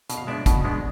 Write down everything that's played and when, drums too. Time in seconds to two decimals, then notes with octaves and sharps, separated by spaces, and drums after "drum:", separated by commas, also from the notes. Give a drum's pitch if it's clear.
0.10 B2, drum: hi-hat
0.17 F5
0.27 G#3 B3 D4 D5 E5
0.46 B2, drum: kick, hi-hat
0.64 G#3 B3 D4